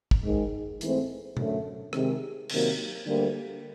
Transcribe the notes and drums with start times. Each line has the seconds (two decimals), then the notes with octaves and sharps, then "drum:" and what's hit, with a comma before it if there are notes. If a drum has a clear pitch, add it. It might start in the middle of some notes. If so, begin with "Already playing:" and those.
0.11 drum: kick
0.24 G#2 D#3 G#3
0.81 G#2 E3 A3 C4, drum: hi-hat
1.37 F#2 D3 F#3 A3, drum: tom B2
1.93 C3 D#3 G#3, drum: rim click
2.49 C3 D#3 F#3 A#3, drum: cymbal
3.06 D2 D3 G3 A#3